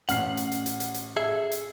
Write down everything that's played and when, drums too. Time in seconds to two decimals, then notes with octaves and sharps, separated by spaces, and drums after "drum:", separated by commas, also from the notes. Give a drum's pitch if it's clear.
0.09 A1 F#5 F6 C7, drum: hi-hat
0.37 drum: hi-hat
0.52 drum: hi-hat
0.66 drum: hi-hat
0.80 drum: hi-hat
0.94 drum: hi-hat
1.17 G#4 A4 E5
1.51 drum: hi-hat